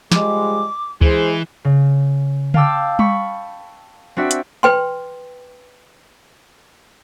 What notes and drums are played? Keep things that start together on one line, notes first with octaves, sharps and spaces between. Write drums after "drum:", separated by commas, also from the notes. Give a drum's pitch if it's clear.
F3 G3 G#3 D6, drum: snare
E3 G#3 G#4 C5, drum: kick
C#3
F5 G5 A5 D6 E6, drum: tom C#3
B5 C#6, drum: tom G3
C4 D4 F#4 E5
drum: hi-hat
B4 G5 C6